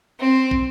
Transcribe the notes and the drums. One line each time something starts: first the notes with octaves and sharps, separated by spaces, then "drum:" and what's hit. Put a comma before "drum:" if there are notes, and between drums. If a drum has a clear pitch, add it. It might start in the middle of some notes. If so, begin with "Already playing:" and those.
C4
drum: kick